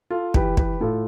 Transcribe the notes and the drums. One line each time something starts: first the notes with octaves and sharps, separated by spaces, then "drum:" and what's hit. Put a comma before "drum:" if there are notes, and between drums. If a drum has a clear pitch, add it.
F4 A4
E3 G4 B4, drum: kick
G4 B4, drum: kick
A2 F4 A4